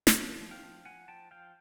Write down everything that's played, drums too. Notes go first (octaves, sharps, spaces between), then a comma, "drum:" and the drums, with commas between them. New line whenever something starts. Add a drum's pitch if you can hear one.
drum: snare
F3
F3
F5 G5
F3
F3 F#5 G#5
F3 G5 A5
F3 F5 G5